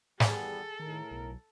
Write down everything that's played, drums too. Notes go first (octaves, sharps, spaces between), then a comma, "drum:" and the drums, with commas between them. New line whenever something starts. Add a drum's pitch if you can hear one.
E2 G3 B3 G#4 A4, drum: snare
A2 D#3 A#4
B1